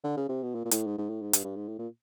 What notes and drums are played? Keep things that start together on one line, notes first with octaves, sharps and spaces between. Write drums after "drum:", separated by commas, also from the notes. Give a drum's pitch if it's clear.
D3
C#3
C3
B2
A#2
A#2
A2, drum: hi-hat
G#2
G#2
A2
G#2
G2, drum: hi-hat
G2
G#2
A2
A#2